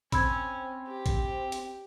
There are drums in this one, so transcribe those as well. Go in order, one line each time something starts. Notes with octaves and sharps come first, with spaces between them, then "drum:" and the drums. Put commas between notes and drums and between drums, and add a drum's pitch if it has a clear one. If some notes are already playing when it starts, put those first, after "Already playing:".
C4 C#4 B5 E6 G#6, drum: kick, hi-hat
G4
drum: kick, hi-hat
drum: hi-hat